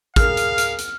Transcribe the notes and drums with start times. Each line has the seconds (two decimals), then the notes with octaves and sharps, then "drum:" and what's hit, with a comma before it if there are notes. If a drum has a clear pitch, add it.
0.16 G#4 A#4 F5 F6, drum: kick, hi-hat
0.37 drum: hi-hat
0.58 drum: hi-hat
0.78 drum: hi-hat